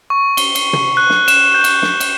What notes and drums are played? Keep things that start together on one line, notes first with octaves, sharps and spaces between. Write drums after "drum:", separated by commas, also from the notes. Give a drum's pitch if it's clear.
C#6
G7, drum: cymbal
drum: cymbal
drum: tom
F#6
drum: snare
E7, drum: cymbal
G6
drum: cymbal
drum: snare
drum: cymbal